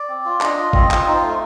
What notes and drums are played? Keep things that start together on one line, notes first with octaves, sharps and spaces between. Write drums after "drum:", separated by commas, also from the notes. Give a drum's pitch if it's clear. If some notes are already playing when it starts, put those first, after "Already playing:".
Already playing: D5
C4
F4
D4 D#5, drum: clap
F4
C4 D#5, drum: kick G#1
F4, drum: clap
D#4 C5
A3